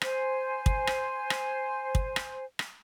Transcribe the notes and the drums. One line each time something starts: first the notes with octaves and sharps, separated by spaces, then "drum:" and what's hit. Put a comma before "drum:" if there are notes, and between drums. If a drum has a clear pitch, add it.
C5 G#5, drum: rim click
drum: kick
drum: rim click
drum: rim click
drum: kick
drum: rim click
drum: rim click